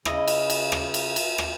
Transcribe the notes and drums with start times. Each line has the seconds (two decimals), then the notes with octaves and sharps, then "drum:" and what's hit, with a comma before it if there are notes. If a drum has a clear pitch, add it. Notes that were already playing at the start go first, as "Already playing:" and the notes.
0.05 C#3 E4 D#5, drum: rim click
0.28 drum: cymbal
0.50 drum: cymbal
0.72 drum: rim click
0.94 drum: cymbal
1.16 drum: cymbal
1.38 drum: rim click